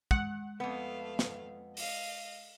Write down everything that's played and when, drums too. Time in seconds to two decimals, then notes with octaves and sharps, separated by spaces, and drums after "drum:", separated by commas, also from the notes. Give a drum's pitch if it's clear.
0.11 G#3 F#5, drum: kick
0.60 F2 A3 B3 F5
1.19 drum: snare
1.77 D#5 F5, drum: open hi-hat